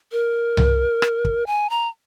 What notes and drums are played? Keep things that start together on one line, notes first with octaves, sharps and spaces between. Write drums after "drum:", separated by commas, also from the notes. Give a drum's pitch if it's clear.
A#4
drum: tom C2
drum: rim click
drum: kick
G#5
A#5